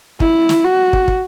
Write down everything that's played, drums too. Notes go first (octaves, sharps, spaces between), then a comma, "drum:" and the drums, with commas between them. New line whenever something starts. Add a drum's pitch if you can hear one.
E4, drum: kick
drum: snare
F#4
drum: kick
drum: kick